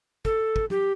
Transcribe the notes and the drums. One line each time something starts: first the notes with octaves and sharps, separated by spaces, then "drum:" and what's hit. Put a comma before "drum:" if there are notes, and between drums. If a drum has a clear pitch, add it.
A4, drum: kick
drum: kick
G4, drum: tom